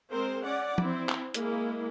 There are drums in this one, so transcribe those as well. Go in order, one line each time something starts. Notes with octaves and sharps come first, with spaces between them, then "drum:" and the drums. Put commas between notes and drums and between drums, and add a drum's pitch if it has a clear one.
G#3 C4 A#4 C5
C#4 D5 F#5
C4 E4, drum: tom F3
drum: clap
G#3 A#3 E4, drum: hi-hat